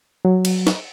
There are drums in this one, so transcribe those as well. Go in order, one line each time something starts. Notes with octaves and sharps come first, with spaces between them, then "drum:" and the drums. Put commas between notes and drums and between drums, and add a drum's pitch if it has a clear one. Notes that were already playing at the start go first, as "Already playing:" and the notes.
F#3
drum: cymbal
drum: snare